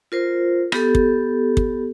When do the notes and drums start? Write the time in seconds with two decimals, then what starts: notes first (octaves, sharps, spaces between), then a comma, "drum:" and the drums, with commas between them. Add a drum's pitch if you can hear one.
0.12 F4 A#4 C5
0.72 B3 G4 A4, drum: rim click
0.95 drum: kick
1.57 drum: kick